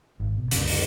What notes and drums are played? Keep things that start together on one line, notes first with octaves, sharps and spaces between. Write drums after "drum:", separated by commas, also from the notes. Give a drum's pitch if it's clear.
G#1
B2
C#2 F#2 D3, drum: hi-hat
drum: open hi-hat